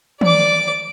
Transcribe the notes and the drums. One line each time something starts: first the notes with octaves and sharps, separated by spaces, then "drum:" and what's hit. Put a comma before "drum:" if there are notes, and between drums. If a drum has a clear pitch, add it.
D5 D6, drum: tom